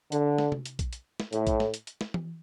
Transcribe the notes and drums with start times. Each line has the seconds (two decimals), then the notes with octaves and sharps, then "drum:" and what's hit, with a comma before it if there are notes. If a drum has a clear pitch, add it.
0.12 D3, drum: hi-hat
0.38 drum: snare
0.52 drum: tom C3
0.65 drum: hi-hat
0.79 drum: kick A#1, hi-hat
0.93 drum: hi-hat
1.20 drum: snare
1.33 A2, drum: hi-hat
1.47 drum: kick A#1, hi-hat
1.60 drum: snare
1.74 drum: hi-hat
1.87 drum: hi-hat
2.01 drum: snare
2.14 drum: tom E3